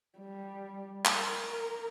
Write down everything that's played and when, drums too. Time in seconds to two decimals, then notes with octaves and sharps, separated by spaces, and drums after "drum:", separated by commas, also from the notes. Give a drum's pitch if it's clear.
0.18 G3
1.05 drum: clap
1.16 A#4